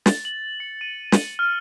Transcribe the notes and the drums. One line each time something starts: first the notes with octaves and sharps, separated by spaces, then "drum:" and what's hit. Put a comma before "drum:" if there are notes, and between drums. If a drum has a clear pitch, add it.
A6, drum: snare
F#7
C#7
D#7
drum: snare
F6